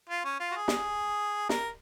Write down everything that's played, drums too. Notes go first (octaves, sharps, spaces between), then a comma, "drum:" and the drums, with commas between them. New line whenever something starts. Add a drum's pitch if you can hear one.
F4
C#4
F4
F#4
G#4
drum: snare
A#4, drum: snare